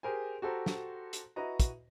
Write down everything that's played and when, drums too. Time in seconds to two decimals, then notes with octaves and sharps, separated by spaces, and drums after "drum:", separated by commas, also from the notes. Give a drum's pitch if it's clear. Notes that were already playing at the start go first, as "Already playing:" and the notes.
0.03 G4 G#4 A#4 C5 G#5
0.42 F#4 G4 A4 C5 A#5
0.66 drum: snare
1.13 drum: hi-hat
1.36 E4 F#4 B4 D#5 A#5
1.60 drum: kick, hi-hat